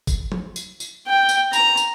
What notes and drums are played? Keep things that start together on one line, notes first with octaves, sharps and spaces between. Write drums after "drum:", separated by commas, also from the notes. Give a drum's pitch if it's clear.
drum: kick, tambourine
drum: tom F3
drum: tambourine
drum: tambourine
G5
drum: tambourine
A#5, drum: tambourine
drum: tambourine